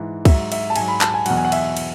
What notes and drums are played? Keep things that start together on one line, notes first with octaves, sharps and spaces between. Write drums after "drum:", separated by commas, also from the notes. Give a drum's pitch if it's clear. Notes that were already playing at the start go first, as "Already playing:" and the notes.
Already playing: G#2 E3
G#2 F#3 E5, drum: kick C#2, cymbal
E5, drum: cymbal
A5
G#2 G#5, drum: cymbal
F#3
B5
A5, drum: clap
G#5
E2 B2 F#3 F#5, drum: cymbal
G#5
F#5
E5, drum: cymbal
drum: cymbal